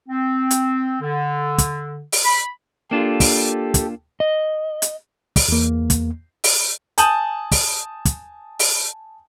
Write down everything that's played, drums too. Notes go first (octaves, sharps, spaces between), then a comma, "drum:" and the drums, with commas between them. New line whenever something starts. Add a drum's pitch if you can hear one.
C4
drum: hi-hat
D3
drum: kick, hi-hat
drum: open hi-hat
B5
A#3 D4 F4 G4 A4
drum: kick, open hi-hat
drum: kick, hi-hat
D#5
drum: hi-hat
drum: kick, open hi-hat
E2 A#3
drum: kick, hi-hat
drum: open hi-hat
G#5 A5 D#6 G6 D#7 F#7, drum: hi-hat
drum: kick, open hi-hat
drum: kick, hi-hat
drum: open hi-hat